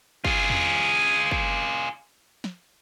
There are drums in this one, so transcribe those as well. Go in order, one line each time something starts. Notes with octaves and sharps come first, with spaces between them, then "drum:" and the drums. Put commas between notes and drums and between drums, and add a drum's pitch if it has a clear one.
F4 G#4, drum: kick
drum: tom E2
drum: kick
drum: snare